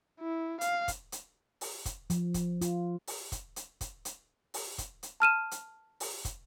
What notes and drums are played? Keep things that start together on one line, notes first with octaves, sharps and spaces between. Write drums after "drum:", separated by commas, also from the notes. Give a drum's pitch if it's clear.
E4
F5, drum: hi-hat
drum: kick, hi-hat
drum: hi-hat
drum: open hi-hat
drum: kick, hi-hat
F3, drum: hi-hat
drum: kick, hi-hat
F4, drum: hi-hat
drum: open hi-hat
drum: kick, hi-hat
drum: hi-hat
drum: kick, hi-hat
drum: hi-hat
drum: open hi-hat
drum: kick, hi-hat
drum: hi-hat
A5 F6 D#7 E7
drum: hi-hat
drum: open hi-hat
drum: kick, hi-hat